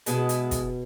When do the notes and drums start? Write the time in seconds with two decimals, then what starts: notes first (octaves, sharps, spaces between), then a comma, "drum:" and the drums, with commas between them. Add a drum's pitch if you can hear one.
0.06 B2 G#3 B3 E4, drum: hi-hat
0.29 drum: hi-hat
0.51 drum: kick, hi-hat